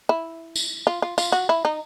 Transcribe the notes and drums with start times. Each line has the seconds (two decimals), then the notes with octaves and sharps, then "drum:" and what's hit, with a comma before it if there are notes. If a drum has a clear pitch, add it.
0.09 E4
0.56 drum: tambourine
0.87 F4
1.02 F4
1.18 F4, drum: tambourine
1.32 F#4
1.49 E4
1.65 D#4